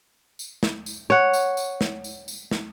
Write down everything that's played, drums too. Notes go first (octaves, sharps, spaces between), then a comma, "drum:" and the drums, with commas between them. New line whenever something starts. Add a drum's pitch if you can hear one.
drum: tambourine
drum: snare
drum: tambourine
C#5 F#5
drum: tambourine
drum: tambourine
drum: snare
drum: tambourine
drum: tambourine
drum: snare